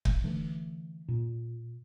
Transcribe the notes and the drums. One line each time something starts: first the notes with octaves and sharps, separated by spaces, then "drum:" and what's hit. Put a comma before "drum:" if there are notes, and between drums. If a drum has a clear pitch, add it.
drum: kick
D3 E3 A3
A#2